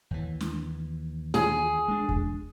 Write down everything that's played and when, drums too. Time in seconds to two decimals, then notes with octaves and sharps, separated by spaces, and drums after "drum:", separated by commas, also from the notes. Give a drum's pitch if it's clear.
0.11 D#2 E3
0.41 drum: snare
1.34 G#4, drum: snare
1.88 G#3 D4
2.09 drum: kick E2